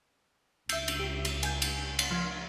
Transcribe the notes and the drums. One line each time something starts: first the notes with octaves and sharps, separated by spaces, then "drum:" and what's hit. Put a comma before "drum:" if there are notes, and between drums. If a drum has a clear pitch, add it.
C#2 E5 E6 G6, drum: cymbal
drum: cymbal
G4
drum: cymbal
G#5 G6, drum: cymbal
drum: cymbal
drum: cymbal
F3 G#6